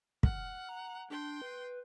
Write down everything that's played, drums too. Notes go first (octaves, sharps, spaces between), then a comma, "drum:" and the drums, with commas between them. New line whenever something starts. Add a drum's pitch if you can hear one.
F#5 F6, drum: kick
A#5
D4 G5 C6
B4